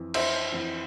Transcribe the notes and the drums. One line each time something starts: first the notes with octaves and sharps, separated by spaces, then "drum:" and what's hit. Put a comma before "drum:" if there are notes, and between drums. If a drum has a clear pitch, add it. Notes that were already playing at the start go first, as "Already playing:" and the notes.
Already playing: F2 E3
C5 E5, drum: cymbal
F2 E3